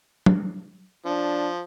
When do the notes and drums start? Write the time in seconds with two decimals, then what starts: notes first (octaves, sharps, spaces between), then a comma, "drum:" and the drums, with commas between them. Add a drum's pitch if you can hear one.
0.26 drum: tom
1.06 F3 D4